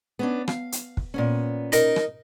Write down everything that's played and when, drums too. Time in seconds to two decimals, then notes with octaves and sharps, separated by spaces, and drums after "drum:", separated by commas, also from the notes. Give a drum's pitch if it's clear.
0.19 B3 C#4 D4
0.48 F5, drum: rim click
0.72 drum: hi-hat
0.97 drum: kick
1.14 A#2 B3 C#4
1.72 D#4 A#4, drum: hi-hat
1.96 drum: rim click